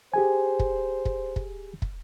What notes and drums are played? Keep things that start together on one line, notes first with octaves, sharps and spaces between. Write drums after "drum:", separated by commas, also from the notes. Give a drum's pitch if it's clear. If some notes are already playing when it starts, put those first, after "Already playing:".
G4 G#4 C5 G#5
drum: kick
drum: kick
drum: kick
drum: kick